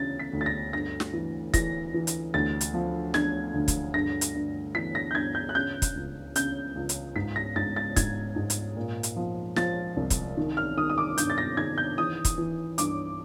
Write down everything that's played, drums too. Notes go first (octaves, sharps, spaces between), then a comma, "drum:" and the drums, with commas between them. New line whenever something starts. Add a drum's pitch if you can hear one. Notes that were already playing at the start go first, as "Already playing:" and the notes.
Already playing: D2 C#3 E3 A6
B6
D2
A6
A#6
G2 A#6
drum: snare
E3
E3 A#6, drum: kick, hi-hat
E3
drum: hi-hat
D2 A6
drum: hi-hat
F3
D3 G#6, drum: snare
D2
drum: kick, hi-hat
G2 A#6
drum: hi-hat
G2
E3 B6
A#6
G6
G2 G#6
G6
F#6
C#3 G6
drum: kick, hi-hat
C#2
C#3 G6, drum: hi-hat
C#2
drum: hi-hat
G#2 B6
A#6
G#2 A6
A6
G#2 G#6, drum: kick, hi-hat
G#2
drum: hi-hat
A#2
drum: hi-hat
F3
F3 A6, drum: snare
C2
drum: kick, hi-hat
D#3
F6
D#3 D#6
D#6
D6
G2 G6, drum: hi-hat
A6
A#6
D#3 G#6
G6
E3 D#6
drum: kick, hi-hat
E3
G2 D6, drum: hi-hat